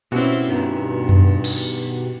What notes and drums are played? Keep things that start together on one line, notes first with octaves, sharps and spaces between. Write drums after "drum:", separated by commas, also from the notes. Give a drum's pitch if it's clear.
B2 C4 C#4 E4 F#4 G4
G2 D#3 B3
drum: tom F2
drum: cymbal